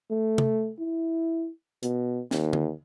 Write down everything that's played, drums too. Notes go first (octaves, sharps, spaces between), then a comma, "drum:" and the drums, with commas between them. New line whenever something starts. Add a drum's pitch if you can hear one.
A3
drum: tom
E4
B2, drum: hi-hat
D#2, drum: snare
drum: tom